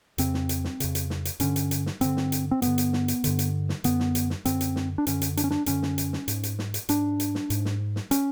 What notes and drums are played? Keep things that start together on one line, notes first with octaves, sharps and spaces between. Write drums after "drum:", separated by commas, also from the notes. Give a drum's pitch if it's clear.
F2 C#3 C4, drum: hi-hat
drum: snare
drum: hi-hat
drum: snare
F2 C#3, drum: hi-hat
drum: hi-hat
drum: snare
drum: hi-hat
G2 D3 C#4, drum: hi-hat
drum: hi-hat
drum: hi-hat
drum: snare
G2 D3 C4, drum: hi-hat
drum: snare
drum: hi-hat
C4
G2 D3 B3, drum: hi-hat
drum: hi-hat
drum: snare
drum: hi-hat
G2 D3, drum: hi-hat
drum: hi-hat
drum: snare
F#2 D3 B3, drum: hi-hat
drum: snare
drum: hi-hat
drum: snare
F#2 D3 C4, drum: hi-hat
drum: hi-hat
drum: snare
D4
F#2 D3 C#4, drum: hi-hat
drum: hi-hat
D4, drum: hi-hat
C#4
D4, drum: snare
F#2 D3 C#4, drum: hi-hat
drum: snare
drum: hi-hat
drum: snare
G#2, drum: hi-hat
drum: hi-hat
drum: snare
drum: hi-hat
G#2 D4, drum: hi-hat
drum: hi-hat
drum: snare
G#2, drum: hi-hat
drum: snare
drum: snare
C#4, drum: hi-hat